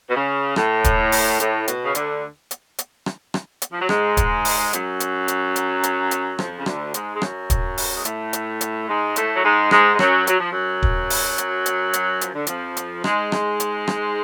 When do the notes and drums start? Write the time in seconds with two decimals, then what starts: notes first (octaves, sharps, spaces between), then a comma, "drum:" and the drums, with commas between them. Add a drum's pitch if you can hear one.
0.09 B2
0.15 C#3
0.56 A2, drum: rim click
0.84 drum: kick, hi-hat
1.12 drum: open hi-hat
1.40 A2, drum: hi-hat
1.68 B2, drum: hi-hat
1.84 C#3
1.95 D2 D3, drum: hi-hat
2.51 drum: hi-hat
2.78 drum: hi-hat
3.06 drum: rim click
3.34 drum: rim click
3.62 drum: hi-hat
3.72 F3
3.81 F#3
3.89 G#2 G#3, drum: rim click
4.17 drum: kick, hi-hat
4.45 drum: open hi-hat
4.73 F#2 F#3, drum: hi-hat
5.00 drum: hi-hat
5.28 drum: hi-hat
5.56 drum: hi-hat
5.83 drum: hi-hat
6.11 drum: hi-hat
6.39 F2 F3, drum: rim click
6.58 C#3
6.66 D2 D3, drum: rim click
6.94 G#2 G#3, drum: hi-hat
7.14 G#3
7.22 F#2 F#3, drum: rim click
7.50 drum: kick, hi-hat
7.78 drum: open hi-hat
7.95 G#3
8.05 A2 A3, drum: hi-hat
8.33 drum: hi-hat
8.61 drum: hi-hat
8.88 G#2 G#3
9.16 A2 A3, drum: hi-hat
9.36 F#3
9.44 G#2 G#3
9.71 G#2 G#3, drum: rim click
9.95 G#3
9.99 F#2 F#3, drum: rim click
10.27 F#3, drum: hi-hat
10.39 F3
10.50 F#2 F#3
10.83 drum: kick
11.10 drum: open hi-hat
11.38 drum: hi-hat
11.66 drum: hi-hat
11.93 drum: hi-hat
12.21 F3, drum: hi-hat
12.34 D3
12.47 F2 F3, drum: hi-hat
12.77 drum: hi-hat
13.04 G#2 G#3, drum: rim click
13.32 drum: rim click
13.60 drum: hi-hat
13.87 drum: rim click